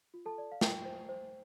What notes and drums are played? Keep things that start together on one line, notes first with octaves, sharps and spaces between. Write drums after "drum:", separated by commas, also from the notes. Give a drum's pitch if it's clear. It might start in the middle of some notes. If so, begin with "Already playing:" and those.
F4
A4 A5
D5
F5
F4 G5, drum: snare
C5
C5